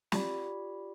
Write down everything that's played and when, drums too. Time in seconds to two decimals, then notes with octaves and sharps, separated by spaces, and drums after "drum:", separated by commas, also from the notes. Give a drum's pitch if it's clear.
0.12 F4 G4 D5 B5, drum: snare